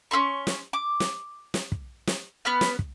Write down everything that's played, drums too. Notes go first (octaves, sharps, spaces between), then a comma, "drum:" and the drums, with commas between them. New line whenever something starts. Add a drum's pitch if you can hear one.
C#4 G#4 C6 C#6
drum: snare
D6
drum: snare
drum: snare
drum: kick
drum: snare
B3 B4 F6 F#6
drum: snare
drum: kick